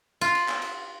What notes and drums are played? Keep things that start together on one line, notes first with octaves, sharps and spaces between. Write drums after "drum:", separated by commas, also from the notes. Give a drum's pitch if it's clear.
F4
drum: cymbal
drum: clap
drum: cymbal